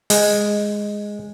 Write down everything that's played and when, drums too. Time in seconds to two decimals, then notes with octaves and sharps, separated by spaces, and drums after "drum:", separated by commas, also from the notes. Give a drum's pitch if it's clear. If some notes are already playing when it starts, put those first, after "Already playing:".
0.10 G#3, drum: open hi-hat